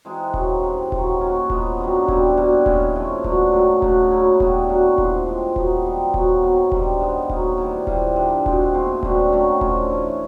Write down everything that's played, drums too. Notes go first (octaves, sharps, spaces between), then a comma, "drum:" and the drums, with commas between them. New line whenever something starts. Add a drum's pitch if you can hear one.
E3 G#3 C4 D#4
F#2 D#3 F#3, drum: kick D#1
C3 E3 G#3
G#2 D#3 F#3, drum: kick D#1
F#3 A#3 C#4 F#4
F3 G#3 B3 D#4, drum: kick D#1
G2 D#3 F#3
B2 G3 C4 E4, drum: kick D#1
B2 G3 A#3
E3 G#3 C#4, drum: kick D#1
A#2 F3 A3 C#4
G2 D3 F#3, drum: kick D#1
G#2 D#3 F#3 A3
C#3 F#3 A3 D4, drum: kick D#1
F#3 A#3 C#4 E4
D3 G3 B3, drum: kick D#1
F#3 A#3 D4 F#4
A2 F3 G#3, drum: kick D#1
F3 G#3 C4
F#3 B3 D#4 G4, drum: kick D#1
E3 G3 C4 D#4
B2 F#3 B3, drum: kick D#1
C3 D#3 F#3
G2 D#3 G3 C4, drum: kick D#1
C3 D#3 G#3 B3
F#3 A#3 D#4, drum: kick D#1
C3 E3 G3
E3 G3 C4 F4, drum: kick D#1
G2 D3 G3
B2 G#3 C4, drum: kick D#1
A#2 F3 A3 C4
F#2 D3 G3 C4, drum: kick D#1
D#3 F#3 A3
D3 F3 A3 C#4, drum: kick D#1
E3 A3 C#4